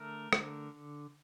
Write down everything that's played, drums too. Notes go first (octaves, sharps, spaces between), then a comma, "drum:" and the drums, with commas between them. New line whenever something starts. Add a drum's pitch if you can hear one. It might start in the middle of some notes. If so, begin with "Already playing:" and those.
Already playing: D3 A3 A#4
D3, drum: rim click